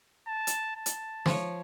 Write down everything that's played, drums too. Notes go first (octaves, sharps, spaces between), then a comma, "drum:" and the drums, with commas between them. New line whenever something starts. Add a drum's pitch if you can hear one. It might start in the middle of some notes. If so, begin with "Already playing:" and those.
A5
drum: hi-hat
A5
drum: hi-hat
F3 C#5, drum: snare